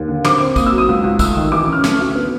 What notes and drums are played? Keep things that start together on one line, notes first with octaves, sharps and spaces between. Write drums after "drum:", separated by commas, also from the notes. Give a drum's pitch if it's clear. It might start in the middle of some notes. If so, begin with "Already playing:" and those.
Already playing: D#2
D3
C4 D6, drum: snare
C4
A#3 D#6, drum: kick, tambourine
E6
F#3
D#6
C#2
C#2
A3 E6, drum: kick, tambourine
D#3
E3 D6
C#4 F6
A3, drum: snare
D2
B3